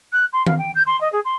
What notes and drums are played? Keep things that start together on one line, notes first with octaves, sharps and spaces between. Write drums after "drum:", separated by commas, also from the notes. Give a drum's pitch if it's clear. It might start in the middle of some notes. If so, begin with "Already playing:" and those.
F#6
C6
F5, drum: tom D#3
G5
G6
C6
D#5
G#4
C6